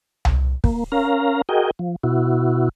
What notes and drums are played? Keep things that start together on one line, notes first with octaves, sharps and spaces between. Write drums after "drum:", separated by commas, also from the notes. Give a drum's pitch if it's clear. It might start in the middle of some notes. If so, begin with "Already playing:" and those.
drum: tom C2
A#3, drum: kick
C#4 A#4 F5 A#5
F#4 G#4 A#4 D#5 G5
F3
B2 E4 F#4